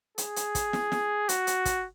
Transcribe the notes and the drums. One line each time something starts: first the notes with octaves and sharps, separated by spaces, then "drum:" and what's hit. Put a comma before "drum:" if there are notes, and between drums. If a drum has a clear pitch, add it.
G#4, drum: hi-hat
drum: hi-hat
drum: kick, hi-hat
drum: snare
drum: snare
F#4, drum: hi-hat
drum: hi-hat
drum: kick, hi-hat